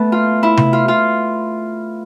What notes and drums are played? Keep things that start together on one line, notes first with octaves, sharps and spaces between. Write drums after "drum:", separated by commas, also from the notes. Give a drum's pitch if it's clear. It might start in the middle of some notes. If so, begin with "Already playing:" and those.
Already playing: A3 B3
F4
E4
drum: tom C3
F4
F4